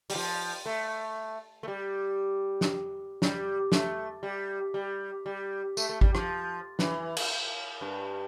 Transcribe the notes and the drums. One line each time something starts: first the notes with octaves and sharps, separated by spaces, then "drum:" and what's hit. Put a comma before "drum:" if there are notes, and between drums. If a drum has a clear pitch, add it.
G3, drum: open hi-hat
F3
A3
A3
G3
drum: snare
G3, drum: snare
A3, drum: snare
G3
G3
G3
A3, drum: tambourine
A3
G3, drum: kick G#1
F3, drum: rim click
E3, drum: snare
drum: cymbal
G2